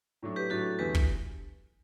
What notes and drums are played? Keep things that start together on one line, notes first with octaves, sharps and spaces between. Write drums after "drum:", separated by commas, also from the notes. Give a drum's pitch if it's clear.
A2 F#3 A3 D4
G4 B4
A2 F#3 A3 D4 F#4 A4
E2 D3 A3 G4 B4
drum: kick